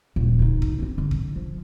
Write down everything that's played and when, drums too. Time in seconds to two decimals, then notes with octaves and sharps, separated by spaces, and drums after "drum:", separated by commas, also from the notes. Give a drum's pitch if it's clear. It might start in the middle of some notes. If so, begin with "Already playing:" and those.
0.16 D#1 D#3
0.39 D2 D#4
0.62 drum: kick
0.79 C4 C#4
0.98 D3
1.11 drum: kick
1.36 F3